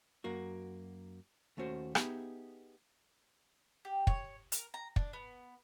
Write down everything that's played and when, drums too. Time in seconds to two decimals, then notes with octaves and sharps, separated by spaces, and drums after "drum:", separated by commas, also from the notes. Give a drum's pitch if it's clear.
0.24 F#2 A#3 F#4
1.57 D#2 A3 C#4 F#4 C5
1.95 B3 D#4 G4 G#4 E5 B5, drum: rim click
3.85 G4
4.07 C#5, drum: kick
4.52 A#4, drum: hi-hat
4.74 A#5
4.96 D4, drum: kick
5.13 B3